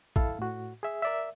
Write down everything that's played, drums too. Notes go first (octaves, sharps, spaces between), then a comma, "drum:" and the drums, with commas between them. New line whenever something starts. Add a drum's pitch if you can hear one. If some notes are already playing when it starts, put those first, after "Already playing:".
E4 A4 F5, drum: kick
A2 F#4
G#4 E5
A#4 D5 E5